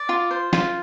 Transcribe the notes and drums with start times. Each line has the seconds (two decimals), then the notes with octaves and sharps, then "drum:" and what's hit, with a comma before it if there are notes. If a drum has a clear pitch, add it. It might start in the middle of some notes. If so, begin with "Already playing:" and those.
Already playing: D5
0.09 F4
0.31 C5
0.53 F4, drum: snare